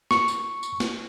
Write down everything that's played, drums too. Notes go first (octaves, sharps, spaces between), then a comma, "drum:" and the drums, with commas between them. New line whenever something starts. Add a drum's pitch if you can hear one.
C#6, drum: snare
drum: tambourine
drum: tambourine
drum: snare